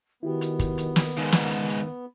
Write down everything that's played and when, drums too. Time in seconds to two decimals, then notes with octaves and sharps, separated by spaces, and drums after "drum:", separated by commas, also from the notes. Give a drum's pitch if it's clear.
0.23 D#3 B3 E4 F#4 G4
0.41 drum: hi-hat
0.59 drum: kick, hi-hat
0.78 drum: hi-hat
0.96 drum: snare
1.17 G#2 C#3 D#4
1.32 drum: snare
1.51 drum: hi-hat
1.69 drum: hi-hat